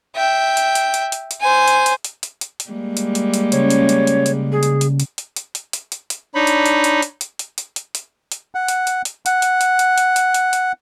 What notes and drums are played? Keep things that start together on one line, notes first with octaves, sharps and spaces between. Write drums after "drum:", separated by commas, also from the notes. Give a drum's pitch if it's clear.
E5 G5
drum: hi-hat
drum: hi-hat
drum: hi-hat
drum: hi-hat
drum: hi-hat
C5 G#5
drum: hi-hat
drum: hi-hat
drum: hi-hat
drum: hi-hat
drum: hi-hat
drum: hi-hat
G3 G#3 A#3
drum: hi-hat
drum: hi-hat
drum: hi-hat
C#3 C#5, drum: hi-hat
drum: hi-hat
drum: hi-hat
drum: hi-hat
drum: hi-hat
G#4
drum: hi-hat
drum: hi-hat
drum: hi-hat
drum: hi-hat
drum: hi-hat
drum: hi-hat
drum: hi-hat
drum: hi-hat
drum: hi-hat
D4 D#4 C#5 B5
drum: hi-hat
drum: hi-hat
drum: hi-hat
drum: hi-hat
drum: hi-hat
drum: hi-hat
drum: hi-hat
drum: hi-hat
drum: hi-hat
drum: hi-hat
F#5
drum: hi-hat
drum: hi-hat
drum: hi-hat
F#5, drum: hi-hat
drum: hi-hat
drum: hi-hat
drum: hi-hat
drum: hi-hat
drum: hi-hat
drum: hi-hat
drum: hi-hat